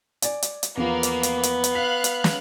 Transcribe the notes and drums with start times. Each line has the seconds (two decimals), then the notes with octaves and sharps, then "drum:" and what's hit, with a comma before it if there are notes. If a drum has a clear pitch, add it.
0.22 D5 G#5, drum: hi-hat
0.42 drum: hi-hat
0.63 drum: hi-hat
0.77 E2 F3 A#3 B3
1.03 drum: hi-hat
1.23 drum: hi-hat
1.43 drum: hi-hat
1.64 drum: hi-hat
1.75 F5 F#6 B6
2.04 drum: hi-hat
2.24 drum: snare